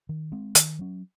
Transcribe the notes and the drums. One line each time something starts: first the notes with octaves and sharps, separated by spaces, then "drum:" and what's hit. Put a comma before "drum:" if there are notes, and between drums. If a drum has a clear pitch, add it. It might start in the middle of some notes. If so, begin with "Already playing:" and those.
D#3
G#3 C4
D#3, drum: hi-hat
F#3 C#4